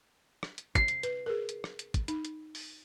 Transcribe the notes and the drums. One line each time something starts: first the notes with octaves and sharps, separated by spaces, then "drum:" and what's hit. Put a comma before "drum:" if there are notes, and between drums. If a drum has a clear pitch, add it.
drum: rim click
drum: hi-hat
C7, drum: kick, hi-hat
drum: hi-hat
B4, drum: hi-hat
G#4 A#4
drum: hi-hat
drum: rim click
drum: hi-hat
drum: kick, hi-hat
D#4, drum: hi-hat
drum: hi-hat
drum: open hi-hat